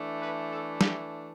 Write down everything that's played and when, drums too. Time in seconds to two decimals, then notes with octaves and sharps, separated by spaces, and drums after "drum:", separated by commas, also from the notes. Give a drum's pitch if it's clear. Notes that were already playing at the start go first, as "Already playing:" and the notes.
Already playing: E3 A3 D4
0.21 B4
0.51 A4
0.81 G4, drum: snare